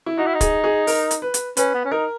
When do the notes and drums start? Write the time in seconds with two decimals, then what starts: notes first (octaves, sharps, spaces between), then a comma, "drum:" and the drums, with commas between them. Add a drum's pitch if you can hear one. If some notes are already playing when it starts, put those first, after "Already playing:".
0.06 E4
0.17 D#4 F#4
0.26 E4
0.34 D#4
0.41 G#4, drum: kick, hi-hat
0.64 G#4
0.87 A#4, drum: open hi-hat
1.11 drum: hi-hat
1.22 B4
1.34 drum: hi-hat
1.57 C#4 B4, drum: hi-hat
1.74 B3
1.85 C#4
1.91 D#4 A#4